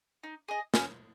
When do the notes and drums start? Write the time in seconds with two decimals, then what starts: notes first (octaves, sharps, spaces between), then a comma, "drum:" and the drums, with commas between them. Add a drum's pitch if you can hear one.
0.24 D#4
0.49 G#4 D#5
0.74 C#4, drum: snare